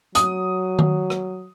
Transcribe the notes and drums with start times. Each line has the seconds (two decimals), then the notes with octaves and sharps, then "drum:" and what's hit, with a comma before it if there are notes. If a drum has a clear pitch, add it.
0.15 F#3 D#6, drum: hi-hat
0.79 drum: tom D#3
1.10 drum: rim click